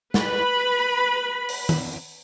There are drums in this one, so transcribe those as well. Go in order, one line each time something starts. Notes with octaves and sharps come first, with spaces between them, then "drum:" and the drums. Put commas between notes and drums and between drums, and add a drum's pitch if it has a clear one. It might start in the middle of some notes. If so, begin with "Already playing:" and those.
B4 B5, drum: snare
drum: open hi-hat
drum: tom D#3